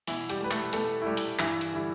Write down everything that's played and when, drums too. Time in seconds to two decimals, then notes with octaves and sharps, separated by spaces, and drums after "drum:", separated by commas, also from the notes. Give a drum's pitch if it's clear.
0.07 B2 E3 E4, drum: open hi-hat
0.30 G3 G4, drum: hi-hat
0.40 A3
0.44 B4
0.51 A3 A4, drum: clap
0.73 B2 A3 A4, drum: hi-hat
1.02 E4
1.06 G3 A3 G4
1.17 drum: hi-hat
1.39 G2 E3 E4, drum: clap
1.61 drum: hi-hat
1.72 D3 G3 E4